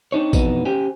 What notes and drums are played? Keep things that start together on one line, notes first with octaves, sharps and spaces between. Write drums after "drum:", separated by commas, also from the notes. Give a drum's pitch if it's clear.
C4 D4 D#4 C#5
F2 B2 E3 B3 D#4, drum: kick A1, tambourine
C#4 G4 C5 G5 G#5